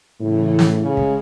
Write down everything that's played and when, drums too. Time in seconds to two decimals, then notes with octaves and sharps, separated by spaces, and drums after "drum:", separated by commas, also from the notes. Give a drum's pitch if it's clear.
0.20 A2 C#3 E3 A3
0.59 drum: snare
0.82 C#3 G#3
0.97 drum: kick